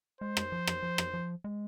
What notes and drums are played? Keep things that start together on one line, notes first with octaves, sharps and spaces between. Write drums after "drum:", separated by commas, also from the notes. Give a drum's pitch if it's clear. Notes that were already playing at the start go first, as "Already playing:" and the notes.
G#3 C5
drum: rim click
F3
drum: rim click
F3
drum: rim click
F3
G#3